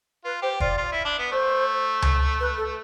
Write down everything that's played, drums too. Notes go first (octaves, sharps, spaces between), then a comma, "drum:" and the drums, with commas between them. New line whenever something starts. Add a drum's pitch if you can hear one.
F4 B4
G4 C5
F4 D5, drum: kick
F4
E4
D4
B3
A3 C5
drum: tom C#2
B4
A4